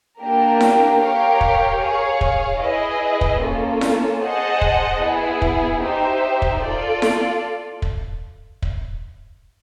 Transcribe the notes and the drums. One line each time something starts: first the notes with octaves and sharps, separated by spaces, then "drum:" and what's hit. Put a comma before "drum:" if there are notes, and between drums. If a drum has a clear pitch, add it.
A#3 D4 G4 A#4
drum: snare E4
G4 A#4 C#5 F5
drum: kick
G#4 C#5 F5
drum: kick
E4 G#4 B4 D#5
drum: kick
A#3 C#4 F4 A4
drum: snare E4
G#4 C5 D#5 F#5 A5
drum: kick
B3 E4 G#4
drum: kick
D#4 G4 C5 E5
drum: kick
F4 A4 D5
drum: snare E4
drum: kick
drum: kick